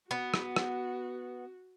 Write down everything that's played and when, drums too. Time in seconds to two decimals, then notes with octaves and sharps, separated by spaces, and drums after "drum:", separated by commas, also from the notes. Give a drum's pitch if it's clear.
0.11 B3 F#4
0.34 drum: rim click
0.56 drum: rim click